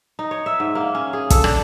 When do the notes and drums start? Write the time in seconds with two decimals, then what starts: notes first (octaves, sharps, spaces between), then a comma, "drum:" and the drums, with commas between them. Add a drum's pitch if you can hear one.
0.19 D#4
0.31 C#5
0.46 E5
0.60 G#2
0.75 A#3
0.95 C#4
1.13 G#4
1.30 A4, drum: kick, hi-hat
1.44 D4, drum: rim click